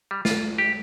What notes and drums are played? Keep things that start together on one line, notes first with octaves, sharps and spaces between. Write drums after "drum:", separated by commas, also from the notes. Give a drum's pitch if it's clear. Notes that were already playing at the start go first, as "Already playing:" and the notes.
G3
F4, drum: snare
G4